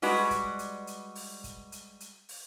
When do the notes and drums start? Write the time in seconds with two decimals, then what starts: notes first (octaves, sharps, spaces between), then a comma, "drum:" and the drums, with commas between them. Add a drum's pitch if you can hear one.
0.02 G3 G#3 F#4 B4 D5, drum: open hi-hat
0.31 drum: kick, hi-hat
0.59 drum: hi-hat
0.87 drum: hi-hat
1.15 drum: open hi-hat
1.44 drum: kick, hi-hat
1.72 drum: hi-hat
2.00 drum: hi-hat
2.29 drum: open hi-hat